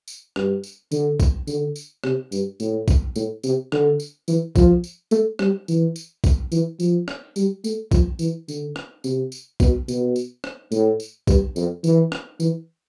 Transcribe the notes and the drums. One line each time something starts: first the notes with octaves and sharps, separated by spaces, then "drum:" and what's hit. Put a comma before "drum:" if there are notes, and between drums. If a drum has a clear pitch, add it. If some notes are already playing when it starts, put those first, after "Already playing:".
drum: tambourine
G2, drum: rim click
drum: tambourine
D3, drum: tambourine
drum: kick, tambourine
D3, drum: tambourine
drum: tambourine
C3, drum: rim click
G2, drum: tambourine
A2, drum: tambourine
drum: kick, tambourine
A2, drum: tambourine
C3, drum: tambourine
D3, drum: rim click
drum: tambourine
E3, drum: tambourine
F3, drum: kick, tambourine
drum: tambourine
A3, drum: tambourine
G3, drum: rim click
E3, drum: tambourine
drum: tambourine
drum: kick, tambourine
E3, drum: tambourine
F3, drum: tambourine
drum: rim click
G3, drum: tambourine
A3, drum: tambourine
F3, drum: kick, tambourine
E3, drum: tambourine
D3, drum: tambourine
drum: rim click
C3, drum: tambourine
drum: tambourine
B2, drum: kick, tambourine
B2, drum: tambourine
drum: tambourine
drum: rim click
A2, drum: tambourine
drum: tambourine
G2, drum: kick, tambourine
F2, drum: tambourine
E3, drum: tambourine
drum: rim click
E3, drum: tambourine